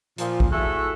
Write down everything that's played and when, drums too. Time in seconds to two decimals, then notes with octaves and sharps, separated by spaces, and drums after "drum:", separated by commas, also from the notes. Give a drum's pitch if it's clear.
0.18 A#2 F3, drum: hi-hat
0.40 drum: kick A#1
0.51 A3 E4 F#4 G#4 A4 E5